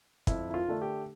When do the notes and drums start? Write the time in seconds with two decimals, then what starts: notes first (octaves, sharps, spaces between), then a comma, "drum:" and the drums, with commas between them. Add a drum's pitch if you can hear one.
0.27 F2 E4, drum: kick, hi-hat
0.50 E4
0.54 F4
0.68 D3 A3 D4
0.82 G4